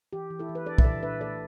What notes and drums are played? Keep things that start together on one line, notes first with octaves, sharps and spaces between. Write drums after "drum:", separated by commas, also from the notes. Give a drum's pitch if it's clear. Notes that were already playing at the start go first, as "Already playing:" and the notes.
E3 G4
E3
E4 A4
E3
B4
D4 A4 D5
E5, drum: kick
E3 A4 D5
D4 B4 E5
A3 A4 D5